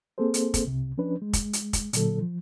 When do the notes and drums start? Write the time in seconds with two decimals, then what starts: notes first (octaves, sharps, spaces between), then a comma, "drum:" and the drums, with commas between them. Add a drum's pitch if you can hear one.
0.18 A#3 C4 G#4 A4 C5
0.34 drum: hi-hat
0.54 drum: kick, hi-hat
0.65 C2 C3
0.98 F3 C#4 D4 B4
1.22 G#3
1.33 drum: kick, hi-hat
1.53 drum: hi-hat
1.73 drum: kick, hi-hat
1.93 A#2 D3 F#3 A4, drum: hi-hat
2.21 F3